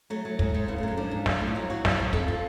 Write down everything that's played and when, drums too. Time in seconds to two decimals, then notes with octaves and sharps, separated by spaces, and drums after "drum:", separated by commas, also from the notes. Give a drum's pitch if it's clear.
0.10 F#3 A3
0.25 F#3
0.39 G#2, drum: kick
0.54 G#2
0.68 C#3 B3
0.78 A3
0.83 F#2 G#3
0.97 F3 D4
1.11 G#2
1.26 F3, drum: snare
1.40 A2
1.47 D4
1.55 F#3 F4
1.70 F#3 F#4
1.85 F3, drum: snare
1.99 F3
2.13 F2 A4, drum: kick
2.28 F3